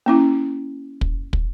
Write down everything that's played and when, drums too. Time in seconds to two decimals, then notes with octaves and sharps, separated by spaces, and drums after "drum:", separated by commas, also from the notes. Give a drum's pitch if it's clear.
0.06 A#3 C#4 E4
1.01 drum: kick
1.33 drum: kick